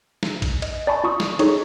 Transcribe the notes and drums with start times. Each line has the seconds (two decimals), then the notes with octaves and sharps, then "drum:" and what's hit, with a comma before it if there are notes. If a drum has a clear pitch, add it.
0.23 drum: snare
0.42 drum: kick A#1, cymbal
0.62 D#5, drum: cymbal
0.87 D5 G#5 A5 B5 C#6
1.04 F4 C#6 D#6
1.20 drum: snare
1.39 D#4 G#4 A4 C#5 C#6, drum: cymbal